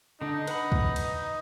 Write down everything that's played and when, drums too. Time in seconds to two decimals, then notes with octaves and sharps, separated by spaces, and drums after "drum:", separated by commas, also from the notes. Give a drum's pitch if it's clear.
0.21 D3 D4 D#4
0.47 B4 F#5 B5, drum: cymbal
0.72 drum: kick
0.96 drum: cymbal